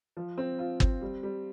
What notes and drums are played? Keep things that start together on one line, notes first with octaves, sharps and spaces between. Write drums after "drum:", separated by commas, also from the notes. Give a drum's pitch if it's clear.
F3
C4
F4
C4, drum: kick G1
G3
G3